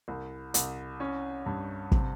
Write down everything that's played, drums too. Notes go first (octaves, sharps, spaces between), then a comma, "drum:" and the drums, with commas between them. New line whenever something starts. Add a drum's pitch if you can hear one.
C2
C2, drum: hi-hat
C#4
G2
C3, drum: kick